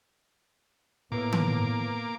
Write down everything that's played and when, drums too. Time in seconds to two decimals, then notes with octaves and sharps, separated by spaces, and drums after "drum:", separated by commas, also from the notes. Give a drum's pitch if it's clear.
1.12 A2 A#3 B3 D6
1.33 drum: tom D#3